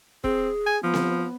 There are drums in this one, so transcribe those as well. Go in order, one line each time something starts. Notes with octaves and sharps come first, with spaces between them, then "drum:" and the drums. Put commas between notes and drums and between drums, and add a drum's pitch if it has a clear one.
C4 G#4, drum: kick E1
G#5
F3 B3
drum: snare C4